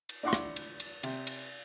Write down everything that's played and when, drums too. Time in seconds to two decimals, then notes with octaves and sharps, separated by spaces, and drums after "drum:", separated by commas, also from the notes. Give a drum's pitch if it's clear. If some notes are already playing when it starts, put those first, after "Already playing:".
0.09 drum: cymbal
0.23 D4 E4 D5 F#5 C6 C#6
0.33 drum: rim click
0.56 drum: cymbal
0.80 drum: cymbal
1.03 C3, drum: cymbal
1.27 drum: cymbal